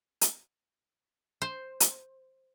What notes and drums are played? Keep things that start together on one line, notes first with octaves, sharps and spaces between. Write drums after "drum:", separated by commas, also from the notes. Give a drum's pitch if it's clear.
drum: hi-hat
C5
drum: hi-hat